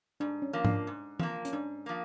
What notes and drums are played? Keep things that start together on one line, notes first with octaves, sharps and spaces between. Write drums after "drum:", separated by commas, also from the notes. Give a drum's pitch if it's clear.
G#2 D4
C#4
F3 A#3
D4, drum: tom G#2
G#2
F3 A#3, drum: tom E3
C#4, drum: hi-hat
G#2 D4
F3 A#3